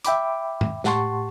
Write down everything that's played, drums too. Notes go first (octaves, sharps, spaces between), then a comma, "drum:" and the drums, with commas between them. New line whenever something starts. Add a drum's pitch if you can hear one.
E5 G5 B5 D6, drum: hi-hat
drum: tom G2
A2 G4 F#5 A5 C6 C#6, drum: snare